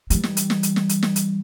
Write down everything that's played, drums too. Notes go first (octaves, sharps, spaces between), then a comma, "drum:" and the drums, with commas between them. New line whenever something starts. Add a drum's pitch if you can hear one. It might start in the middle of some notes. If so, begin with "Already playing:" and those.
E3 G3, drum: hi-hat
drum: snare
drum: hi-hat
drum: snare
drum: hi-hat
drum: snare
drum: hi-hat
drum: snare
drum: hi-hat